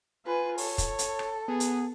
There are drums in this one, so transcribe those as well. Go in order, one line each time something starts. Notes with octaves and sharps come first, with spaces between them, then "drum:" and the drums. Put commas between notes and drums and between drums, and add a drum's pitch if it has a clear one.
F4 B4 G#5
A4 C#5, drum: open hi-hat
drum: kick, hi-hat
drum: hi-hat
drum: rim click
B3 G#4
drum: hi-hat